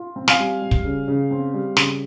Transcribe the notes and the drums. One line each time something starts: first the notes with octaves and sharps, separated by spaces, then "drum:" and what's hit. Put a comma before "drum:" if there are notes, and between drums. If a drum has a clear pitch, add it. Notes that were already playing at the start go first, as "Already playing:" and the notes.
Already playing: F4
C4
F5 G#5, drum: snare
G3
G3
drum: kick
C#3
C#3
C4
G3
C#3, drum: snare